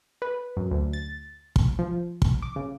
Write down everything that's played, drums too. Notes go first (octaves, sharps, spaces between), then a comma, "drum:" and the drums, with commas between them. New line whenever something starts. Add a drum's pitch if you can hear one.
B4
F#2
D2
A6
drum: kick
F3
drum: kick
D6
C#3